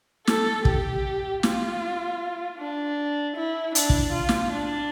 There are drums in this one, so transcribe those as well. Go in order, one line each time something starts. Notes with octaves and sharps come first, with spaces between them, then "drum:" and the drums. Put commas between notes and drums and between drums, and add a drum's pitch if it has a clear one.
A4, drum: snare
G4, drum: kick
F4, drum: snare
D4
E4
D4, drum: hi-hat
drum: kick
F4
drum: snare
D4